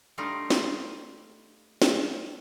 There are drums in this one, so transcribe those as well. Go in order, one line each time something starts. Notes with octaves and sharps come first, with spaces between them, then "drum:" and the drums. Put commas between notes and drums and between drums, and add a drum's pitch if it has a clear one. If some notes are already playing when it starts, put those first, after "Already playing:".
G3 A3 D4 D#4 F4
drum: snare
drum: snare